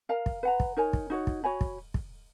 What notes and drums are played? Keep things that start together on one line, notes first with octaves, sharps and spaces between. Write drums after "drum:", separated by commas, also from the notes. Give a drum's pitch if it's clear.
A#4 F5 A#5
drum: kick
B4 F#5 A#5
drum: kick
D#4 A#4 C#5 G#5
drum: kick
D#4 F#4 C#5
drum: kick
F#4 C#5 G#5 B5
drum: kick
drum: kick